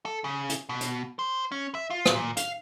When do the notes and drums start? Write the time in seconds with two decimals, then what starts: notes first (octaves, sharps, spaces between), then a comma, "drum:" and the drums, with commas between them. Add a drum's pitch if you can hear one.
0.05 A4
0.24 C#3
0.50 drum: hi-hat
0.69 B2
0.81 drum: hi-hat
1.19 C5
1.52 C#4
1.75 E5
1.90 F4
2.06 drum: rim click
2.15 A#2
2.37 F5, drum: hi-hat